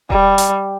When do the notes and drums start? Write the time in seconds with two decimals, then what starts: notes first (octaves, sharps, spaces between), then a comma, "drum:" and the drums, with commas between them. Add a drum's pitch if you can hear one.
0.10 G3, drum: kick E1
0.38 drum: hi-hat